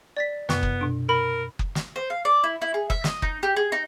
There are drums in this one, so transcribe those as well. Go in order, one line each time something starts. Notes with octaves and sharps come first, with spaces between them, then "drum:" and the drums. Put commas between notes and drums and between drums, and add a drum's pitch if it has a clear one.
D5 A6 B6
F#2 C3 B3, drum: snare
drum: kick F#1
B2 D4
A#4 B5
drum: kick F#1
drum: snare
C5
F5
D5
E4
E4
G#4
E5, drum: kick F#1
D#5, drum: snare
D#4, drum: kick F#1
G4
G#4
D#4